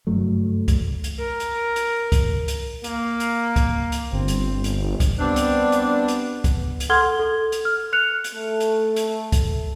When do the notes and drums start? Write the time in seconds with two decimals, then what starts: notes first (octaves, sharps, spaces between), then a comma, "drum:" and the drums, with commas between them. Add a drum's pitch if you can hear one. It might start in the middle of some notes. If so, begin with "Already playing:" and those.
0.07 F#1 G2 F#3 A3
0.68 drum: kick C2, hi-hat
1.04 drum: hi-hat
1.19 A#4
1.40 drum: hi-hat
1.76 drum: hi-hat
2.12 drum: kick C2, hi-hat
2.48 drum: hi-hat
2.84 A#3, drum: hi-hat
3.20 drum: hi-hat
3.56 drum: kick C2, hi-hat
3.92 drum: hi-hat
4.12 G1 C4
4.28 drum: hi-hat
4.64 drum: hi-hat
5.00 drum: kick C2, hi-hat
5.20 G3 B3 C4 D4
5.36 drum: hi-hat
5.72 drum: hi-hat
6.08 drum: hi-hat
6.44 drum: kick C2, hi-hat
6.80 drum: hi-hat
6.89 A4 F#5 C6 F6 G#6 G7
7.19 A4
7.52 drum: hi-hat
7.65 F6
7.92 F6 F#6 C#7 F7
8.24 drum: hi-hat
8.35 A3
8.60 drum: hi-hat
8.96 drum: hi-hat
9.32 drum: kick C2, hi-hat